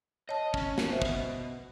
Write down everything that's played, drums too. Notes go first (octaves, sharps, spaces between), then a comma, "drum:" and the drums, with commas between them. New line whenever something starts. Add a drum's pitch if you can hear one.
C#5 D#5 A5
C#4, drum: kick
drum: snare
B2 C5 E5
drum: kick